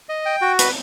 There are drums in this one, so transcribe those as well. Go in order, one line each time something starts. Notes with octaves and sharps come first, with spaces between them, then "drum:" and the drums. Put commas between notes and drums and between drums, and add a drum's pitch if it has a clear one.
D#5
G5
F#4
B4, drum: hi-hat